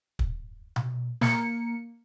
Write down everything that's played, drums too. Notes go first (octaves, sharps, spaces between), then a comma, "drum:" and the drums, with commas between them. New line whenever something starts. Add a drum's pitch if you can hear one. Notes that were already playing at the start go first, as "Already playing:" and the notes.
drum: kick
drum: tom B2
A#3 C#7, drum: snare